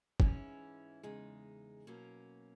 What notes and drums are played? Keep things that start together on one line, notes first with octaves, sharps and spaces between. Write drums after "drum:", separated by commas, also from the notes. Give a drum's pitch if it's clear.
G#2 E3 G#3 C#4 E4, drum: kick
E2 C#3 G#3 D#4
B2 F#3 A#3 C#4